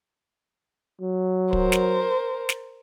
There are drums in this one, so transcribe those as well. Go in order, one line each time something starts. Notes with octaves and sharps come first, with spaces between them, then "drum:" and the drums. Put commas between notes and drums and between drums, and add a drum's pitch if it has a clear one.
F#3
A#4 C5, drum: kick
drum: snare
drum: snare